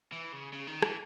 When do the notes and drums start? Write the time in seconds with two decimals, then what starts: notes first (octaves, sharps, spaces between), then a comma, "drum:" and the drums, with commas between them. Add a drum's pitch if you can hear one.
0.12 E3
0.32 C#3
0.53 C#3
0.68 D#3
0.82 E3, drum: rim click